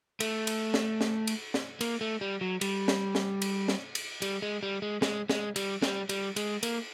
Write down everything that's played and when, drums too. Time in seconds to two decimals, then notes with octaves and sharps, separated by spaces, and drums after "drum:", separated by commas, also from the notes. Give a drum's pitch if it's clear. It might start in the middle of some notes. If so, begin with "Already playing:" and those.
0.20 A3, drum: cymbal
0.47 drum: cymbal
0.74 drum: snare
1.01 drum: snare
1.27 drum: cymbal
1.54 drum: snare
1.81 A#3, drum: cymbal
2.01 A3
2.21 G3
2.41 F#3
2.61 G3, drum: cymbal
2.88 drum: snare
3.15 drum: snare
3.42 drum: cymbal
3.68 drum: snare
3.95 drum: cymbal
4.22 G3, drum: cymbal
4.42 G#3
4.63 G3
4.82 G#3
5.02 G#3, drum: snare
5.29 G#3, drum: snare
5.56 G3, drum: cymbal
5.82 G3, drum: snare
6.09 G3, drum: cymbal
6.36 G#3, drum: cymbal
6.63 A#3, drum: cymbal